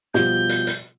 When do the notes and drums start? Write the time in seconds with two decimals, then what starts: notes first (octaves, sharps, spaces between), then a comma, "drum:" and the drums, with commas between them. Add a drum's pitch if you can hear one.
0.14 B2 F3 G3 G6, drum: snare
0.49 drum: hi-hat
0.67 drum: hi-hat